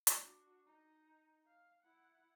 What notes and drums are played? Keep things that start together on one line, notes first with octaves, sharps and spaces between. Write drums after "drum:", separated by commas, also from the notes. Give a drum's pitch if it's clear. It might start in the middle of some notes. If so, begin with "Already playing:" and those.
drum: hi-hat
D4 F#4
D#4
F5
E4 F#5